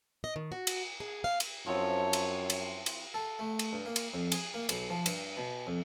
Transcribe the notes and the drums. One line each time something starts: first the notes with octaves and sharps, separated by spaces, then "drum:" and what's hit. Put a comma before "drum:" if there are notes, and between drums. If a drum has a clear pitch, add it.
D#5
D#3
F#4
drum: cymbal
G#4
F5
drum: cymbal
F#2 F3 C4 E4 C#5
drum: cymbal
drum: cymbal
drum: cymbal
A4
A3
drum: cymbal
G2
A#3
drum: cymbal
F2
G#4, drum: cymbal
A#3
B1, drum: cymbal
F3
G2, drum: cymbal
B2
F2